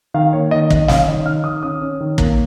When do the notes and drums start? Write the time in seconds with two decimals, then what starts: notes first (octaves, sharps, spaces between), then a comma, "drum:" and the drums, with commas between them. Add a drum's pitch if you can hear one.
0.14 D#3 F5
0.33 A#3 C#5
0.51 D#3 D#5
0.70 D#3 D#5, drum: kick
0.88 C#4 F5, drum: snare
1.08 D#3 D#5
1.25 D#3 F6
1.44 D#3 D#6
1.63 C#4 D#6
1.81 C#4
2.00 D#3
2.18 A#3, drum: kick